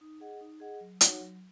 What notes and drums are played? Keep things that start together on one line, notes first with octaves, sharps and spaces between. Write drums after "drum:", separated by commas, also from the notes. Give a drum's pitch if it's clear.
D#4
G#4 D#5 F#5
D#4
G#4 D#5 F#5
F#3
D#4 F#4 C#5 F#5, drum: hi-hat
F#3